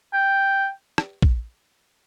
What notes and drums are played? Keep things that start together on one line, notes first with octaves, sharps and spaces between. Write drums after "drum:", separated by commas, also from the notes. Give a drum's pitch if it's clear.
G5
drum: rim click
drum: kick